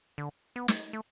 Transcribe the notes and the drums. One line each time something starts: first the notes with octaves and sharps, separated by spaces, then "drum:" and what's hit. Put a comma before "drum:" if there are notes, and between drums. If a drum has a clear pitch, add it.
D3
B3
drum: snare
A3